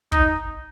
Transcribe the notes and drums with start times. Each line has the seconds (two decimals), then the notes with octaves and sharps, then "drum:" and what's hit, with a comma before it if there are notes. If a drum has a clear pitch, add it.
0.12 D#4, drum: kick